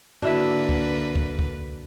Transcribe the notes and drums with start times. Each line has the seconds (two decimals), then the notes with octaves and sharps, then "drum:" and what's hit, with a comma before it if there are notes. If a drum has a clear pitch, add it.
0.22 D3 A#3 D4 E4 F#4 B4 E5, drum: tom
0.69 drum: kick C#2
1.16 drum: kick C#2
1.39 drum: kick C#2